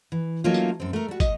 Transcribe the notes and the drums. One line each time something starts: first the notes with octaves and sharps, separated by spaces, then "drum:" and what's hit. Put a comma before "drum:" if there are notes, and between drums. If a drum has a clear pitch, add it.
E3
F#3 A3 A#3 C#4 D#4 F4
drum: tambourine
F#2 C4
A3 A#4
G3 F#4
D#5, drum: kick, tambourine